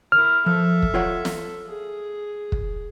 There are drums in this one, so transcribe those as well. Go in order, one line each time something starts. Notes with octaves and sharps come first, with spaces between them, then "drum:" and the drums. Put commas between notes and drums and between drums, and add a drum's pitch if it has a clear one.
E4 A#4 F6
F3 A4 E5
drum: kick
F4 C#5 F#5
drum: snare
G#4
drum: kick